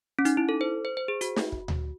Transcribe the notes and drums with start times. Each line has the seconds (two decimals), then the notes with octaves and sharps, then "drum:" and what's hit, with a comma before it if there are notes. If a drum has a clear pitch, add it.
0.19 C#4
0.25 D#4, drum: hi-hat
0.37 E4
0.49 A4
0.61 C5
0.85 C5
0.97 C5
1.08 G#4
1.21 F#4, drum: hi-hat
1.36 drum: snare
1.52 drum: kick
1.68 drum: tom D2